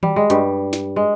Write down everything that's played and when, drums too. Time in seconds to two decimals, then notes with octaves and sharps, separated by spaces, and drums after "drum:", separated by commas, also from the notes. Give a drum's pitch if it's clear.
0.03 G3, drum: tom D#3
0.16 G#3
0.30 G2 G3, drum: hi-hat
0.73 drum: snare
0.96 G#3